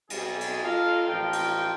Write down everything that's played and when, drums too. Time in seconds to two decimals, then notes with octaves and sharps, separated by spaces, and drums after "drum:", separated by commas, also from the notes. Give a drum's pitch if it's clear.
0.10 B1 G3 G#4, drum: cymbal
0.41 drum: cymbal
0.64 F4 A4 A#4 D#5 F5
1.07 A1 F3 A#4 G5
1.33 drum: cymbal